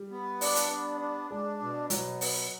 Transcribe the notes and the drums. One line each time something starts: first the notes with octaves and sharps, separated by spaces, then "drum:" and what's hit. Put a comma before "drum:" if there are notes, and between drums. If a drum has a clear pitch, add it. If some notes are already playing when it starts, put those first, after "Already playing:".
Already playing: G3
B3
D4, drum: open hi-hat
drum: hi-hat
B3
D4
G#3 D4
B2
B2 F#3, drum: hi-hat
B3, drum: open hi-hat